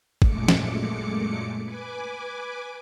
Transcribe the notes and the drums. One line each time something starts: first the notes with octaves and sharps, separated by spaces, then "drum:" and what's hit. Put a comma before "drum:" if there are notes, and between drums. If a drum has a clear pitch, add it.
F#2 A#2 G#3 A3 D6 C#7, drum: kick G#1
drum: snare
B4 G#5 D6